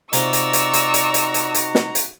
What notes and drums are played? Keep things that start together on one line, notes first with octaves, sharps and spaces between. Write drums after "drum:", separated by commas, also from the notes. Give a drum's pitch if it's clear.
C3 D#4 F4 F#4 D5 A#5 C#6 E6, drum: hi-hat
drum: hi-hat
drum: hi-hat
drum: hi-hat
drum: hi-hat
drum: hi-hat
drum: hi-hat
drum: hi-hat
drum: snare
drum: hi-hat